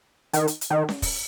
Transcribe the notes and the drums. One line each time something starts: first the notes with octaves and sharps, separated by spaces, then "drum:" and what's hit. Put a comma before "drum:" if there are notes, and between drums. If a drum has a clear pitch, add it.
D#3, drum: hi-hat
drum: hi-hat
drum: hi-hat
D#3
drum: snare C#4
drum: kick, open hi-hat